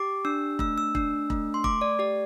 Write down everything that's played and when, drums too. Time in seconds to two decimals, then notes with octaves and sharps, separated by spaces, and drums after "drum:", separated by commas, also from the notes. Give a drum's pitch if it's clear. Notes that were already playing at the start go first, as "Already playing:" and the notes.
Already playing: G4 D6
0.25 D4 E6
0.59 A3 E6, drum: kick E1
0.78 E6
0.95 D4, drum: kick E1
1.30 A3, drum: kick E1
1.54 C6
1.64 A3 D6, drum: kick E1
1.81 D5
1.99 G4 D5